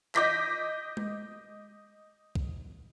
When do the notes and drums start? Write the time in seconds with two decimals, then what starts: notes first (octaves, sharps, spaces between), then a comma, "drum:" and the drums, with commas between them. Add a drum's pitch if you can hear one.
0.15 D#5 D6 G6 A#6 B6, drum: clap
0.97 drum: tom G#3
2.35 drum: kick B1